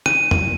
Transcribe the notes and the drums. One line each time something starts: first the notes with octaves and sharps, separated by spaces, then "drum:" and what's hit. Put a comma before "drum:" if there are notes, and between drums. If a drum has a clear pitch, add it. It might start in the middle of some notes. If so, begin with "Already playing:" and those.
D#7, drum: rim click
drum: tom